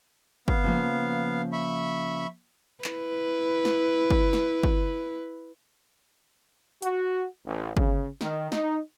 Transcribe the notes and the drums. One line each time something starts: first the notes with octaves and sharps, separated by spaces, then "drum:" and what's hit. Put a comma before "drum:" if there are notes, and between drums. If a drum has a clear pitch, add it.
B3 F5, drum: kick
C#3 F3 A#3
E5 B5 C#6
E4 B4, drum: clap
drum: snare
drum: kick
drum: snare
drum: kick
F#4, drum: hi-hat
A1
C#3, drum: kick
D#3, drum: snare
D#4, drum: snare